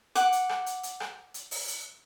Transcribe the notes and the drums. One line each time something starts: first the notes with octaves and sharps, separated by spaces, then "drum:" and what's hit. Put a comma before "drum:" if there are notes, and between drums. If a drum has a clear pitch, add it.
F#5 D6, drum: hi-hat
drum: hi-hat
drum: rim click
drum: hi-hat
drum: hi-hat
drum: rim click
drum: hi-hat
drum: open hi-hat
drum: hi-hat